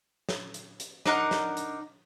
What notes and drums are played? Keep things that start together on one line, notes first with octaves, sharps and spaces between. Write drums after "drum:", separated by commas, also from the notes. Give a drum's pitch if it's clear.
drum: snare
drum: hi-hat
drum: hi-hat
D4 D#4 A#4 F#5, drum: snare
drum: snare
drum: hi-hat